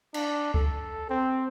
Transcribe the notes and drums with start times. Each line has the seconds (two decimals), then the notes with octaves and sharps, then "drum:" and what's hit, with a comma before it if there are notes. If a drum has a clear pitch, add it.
0.14 D4, drum: cymbal
0.54 A4, drum: kick C#2
1.09 C4